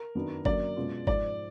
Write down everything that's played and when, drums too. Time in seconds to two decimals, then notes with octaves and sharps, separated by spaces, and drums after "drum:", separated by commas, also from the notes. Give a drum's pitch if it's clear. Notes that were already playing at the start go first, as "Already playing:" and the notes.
Already playing: A#4
0.15 F#2 D#3 F#3 B3 D4
0.45 F#2 D3 F#3 A#3 D5, drum: kick G1
0.76 B2 G#3 C#4 F4
1.07 G#2 F3 G#3 D5, drum: kick G1